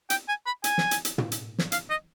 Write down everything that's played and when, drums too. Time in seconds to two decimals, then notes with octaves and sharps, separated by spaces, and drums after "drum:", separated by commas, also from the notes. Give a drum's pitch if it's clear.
0.10 G5, drum: hi-hat
0.28 G#5
0.46 B5
0.64 G#5, drum: hi-hat
0.78 drum: snare
0.91 drum: hi-hat
1.05 drum: hi-hat
1.18 drum: tom
1.32 drum: hi-hat
1.59 drum: snare
1.72 F5, drum: hi-hat
1.90 D#5